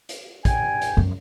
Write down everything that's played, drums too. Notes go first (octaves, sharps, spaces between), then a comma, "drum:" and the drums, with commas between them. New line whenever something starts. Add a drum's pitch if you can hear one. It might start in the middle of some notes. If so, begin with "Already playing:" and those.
drum: hi-hat
G2 G5 G#5, drum: kick, hi-hat
drum: hi-hat
F#2